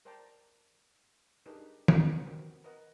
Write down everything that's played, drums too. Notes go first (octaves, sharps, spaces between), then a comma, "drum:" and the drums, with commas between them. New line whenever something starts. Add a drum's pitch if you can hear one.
A#4 C5 D5 G5 A5 A#5
D4 D#4 G4 G#4 A#4 B4
drum: tom
B3 C4 F#4 A#4
A#4 B4 D#5 F#5